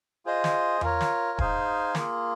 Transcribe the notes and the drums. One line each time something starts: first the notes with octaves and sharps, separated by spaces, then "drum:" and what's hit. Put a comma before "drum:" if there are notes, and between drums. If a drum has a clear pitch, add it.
F4 G#4 C5 D#5
drum: snare
F4 A#4 C#5, drum: tom E2
drum: snare
D#4 G#4 C5 F5 G#5, drum: kick D#1
A#3 F4 G#4, drum: snare